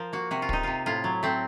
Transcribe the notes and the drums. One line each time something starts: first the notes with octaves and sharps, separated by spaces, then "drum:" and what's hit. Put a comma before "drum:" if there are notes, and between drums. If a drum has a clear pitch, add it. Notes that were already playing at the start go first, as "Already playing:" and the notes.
Already playing: F3 A#4 C5
A#3 F#4
C3 F#4
F4
C3 D#4, drum: kick
C3 F4
A2 F4
F#3
A3 C4